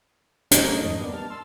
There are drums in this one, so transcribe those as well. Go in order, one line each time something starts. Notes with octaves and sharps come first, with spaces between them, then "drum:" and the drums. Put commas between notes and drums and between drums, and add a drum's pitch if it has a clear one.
A3 C#4 D#4 A#4, drum: hi-hat
F2 G#2 D#3 D#5
G3 A#3 B3 D4
A5 F6
A5 C6 E6